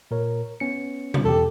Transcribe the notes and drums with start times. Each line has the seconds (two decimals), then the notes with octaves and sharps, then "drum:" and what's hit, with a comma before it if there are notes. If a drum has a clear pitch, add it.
0.11 A#2 A#4 C#5
0.60 B3 C#4 C#7
1.14 drum: tom B2
1.25 E2 G4 A4